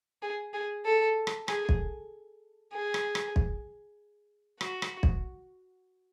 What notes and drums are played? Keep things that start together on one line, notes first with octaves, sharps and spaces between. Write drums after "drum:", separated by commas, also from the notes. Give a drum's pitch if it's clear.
G#4
G#4
A4
drum: rim click
G#4, drum: rim click
drum: kick B1
G#4
drum: rim click
drum: rim click
drum: kick B1
F#4, drum: rim click
drum: rim click
drum: kick B1